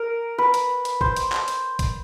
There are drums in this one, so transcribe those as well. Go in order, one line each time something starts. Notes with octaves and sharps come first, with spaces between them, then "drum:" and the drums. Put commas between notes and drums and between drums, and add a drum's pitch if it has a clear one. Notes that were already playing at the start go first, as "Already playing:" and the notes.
Already playing: A#4
B4
drum: hi-hat
drum: hi-hat
C5, drum: kick
drum: hi-hat
drum: clap
drum: hi-hat
drum: kick, hi-hat